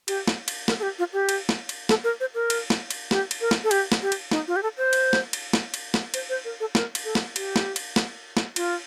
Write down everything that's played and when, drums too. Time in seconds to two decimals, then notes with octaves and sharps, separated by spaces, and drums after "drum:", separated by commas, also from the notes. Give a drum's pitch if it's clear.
0.08 G4, drum: cymbal
0.28 drum: snare
0.48 drum: cymbal
0.68 A#4, drum: snare
0.79 A4
0.83 G4
0.99 F4
1.13 G4
1.29 drum: cymbal
1.49 drum: snare
1.69 drum: cymbal
1.89 A4, drum: snare
2.04 A#4
2.20 C5
2.35 A#4
2.50 drum: cymbal
2.70 drum: snare
2.90 drum: cymbal
3.11 G4, drum: snare
3.31 drum: cymbal
3.41 A#4
3.51 drum: snare
3.64 A4
3.71 G4, drum: cymbal
3.92 drum: snare
4.02 G4
4.12 drum: cymbal
4.31 D#4, drum: snare
4.48 F4
4.56 G4
4.63 A4
4.77 C5
4.93 drum: cymbal
5.13 drum: snare
5.33 drum: cymbal
5.53 drum: snare
5.74 drum: cymbal
5.94 drum: snare
6.14 C5, drum: cymbal
6.29 C5
6.45 A#4
6.60 A4
6.75 A#4, drum: snare
6.95 drum: cymbal
7.05 A4
7.15 drum: snare
7.36 G4, drum: cymbal
7.56 drum: snare
7.76 drum: cymbal
7.96 drum: snare
8.37 drum: snare
8.56 F4, drum: cymbal